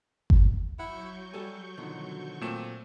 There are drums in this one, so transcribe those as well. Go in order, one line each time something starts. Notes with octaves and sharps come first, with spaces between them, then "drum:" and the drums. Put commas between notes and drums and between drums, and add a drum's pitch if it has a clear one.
drum: kick G1
F#3 E4 F#5 C#6 G6
G3 A4 G#5
B2 D3 D#3 F3
A#2 A3 C4 E7